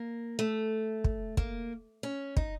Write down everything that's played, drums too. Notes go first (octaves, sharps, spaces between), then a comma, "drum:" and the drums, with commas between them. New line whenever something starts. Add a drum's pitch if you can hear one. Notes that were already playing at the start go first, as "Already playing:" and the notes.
Already playing: A#3
A3
drum: kick
A#3, drum: kick
C#4
D#4, drum: kick